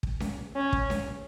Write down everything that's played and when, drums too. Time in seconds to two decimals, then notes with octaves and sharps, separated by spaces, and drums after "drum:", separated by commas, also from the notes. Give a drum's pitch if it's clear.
0.03 drum: kick
0.20 drum: snare C#4
0.56 C#4
0.72 drum: kick
0.90 drum: snare C#4